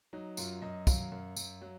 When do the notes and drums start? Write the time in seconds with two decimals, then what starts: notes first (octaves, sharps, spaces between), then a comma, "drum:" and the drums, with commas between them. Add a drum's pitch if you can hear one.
0.13 F#3 D#4
0.37 F#2 F4, drum: tambourine
0.62 F#2 D#5
0.87 F#3 F5, drum: kick, tambourine
1.12 F#2
1.36 F#2, drum: tambourine
1.61 F#3